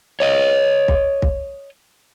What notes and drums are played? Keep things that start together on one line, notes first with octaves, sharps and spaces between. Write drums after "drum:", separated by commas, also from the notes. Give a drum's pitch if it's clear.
C#5 D#5
drum: kick
drum: kick